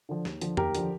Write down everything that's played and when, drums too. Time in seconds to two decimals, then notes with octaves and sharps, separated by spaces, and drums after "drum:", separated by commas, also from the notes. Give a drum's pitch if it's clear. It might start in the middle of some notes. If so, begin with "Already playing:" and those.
0.09 D3 F3
0.25 D#2, drum: snare
0.41 D3 F3, drum: hi-hat
0.57 D#2 G4 A#4, drum: tom F2
0.75 D3 F3, drum: hi-hat